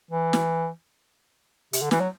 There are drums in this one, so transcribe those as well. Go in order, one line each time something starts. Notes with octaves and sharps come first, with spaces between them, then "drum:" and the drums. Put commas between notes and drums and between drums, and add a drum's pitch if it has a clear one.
E3
drum: snare
C3, drum: hi-hat
D3
E3, drum: snare
F#3